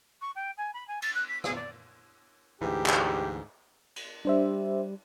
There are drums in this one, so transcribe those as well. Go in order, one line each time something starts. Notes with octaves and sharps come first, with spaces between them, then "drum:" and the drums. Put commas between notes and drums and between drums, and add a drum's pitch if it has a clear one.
C#6
G5
G#5
B5
G#5
A6, drum: cymbal
F#6
B6
G#4, drum: rim click
D5
D2 G#2 E3 G4
drum: clap
drum: cymbal
G3 D4 C5 E5